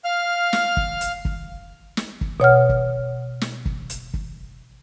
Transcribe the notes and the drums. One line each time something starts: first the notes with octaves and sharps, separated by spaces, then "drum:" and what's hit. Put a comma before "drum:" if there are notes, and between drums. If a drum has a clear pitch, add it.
F5 F6
drum: snare
drum: kick
drum: hi-hat
drum: kick
drum: snare
drum: kick
B2 C#5 F#5 F6
drum: kick
drum: snare
drum: kick
drum: hi-hat
drum: kick